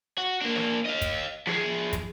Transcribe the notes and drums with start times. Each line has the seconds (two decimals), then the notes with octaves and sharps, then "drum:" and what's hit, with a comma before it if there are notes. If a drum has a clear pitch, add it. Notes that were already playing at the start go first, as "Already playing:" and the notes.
0.18 F#4
0.41 A#3 D4
0.56 drum: snare
0.85 D#5 F5
1.01 drum: kick, hi-hat
1.47 F3 G#4, drum: snare
1.93 drum: kick, hi-hat